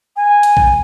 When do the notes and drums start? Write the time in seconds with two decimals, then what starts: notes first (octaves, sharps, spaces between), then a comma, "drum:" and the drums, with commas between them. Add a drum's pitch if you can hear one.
0.16 G#5
0.43 drum: hi-hat
0.57 drum: kick A#1